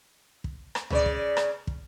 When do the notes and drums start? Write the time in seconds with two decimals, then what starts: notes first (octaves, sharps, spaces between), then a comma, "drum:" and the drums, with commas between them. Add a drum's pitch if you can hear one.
0.44 drum: kick
0.75 drum: rim click
0.90 C#3 B4 D5, drum: tom C#2
1.06 drum: kick
1.37 drum: rim click
1.67 drum: kick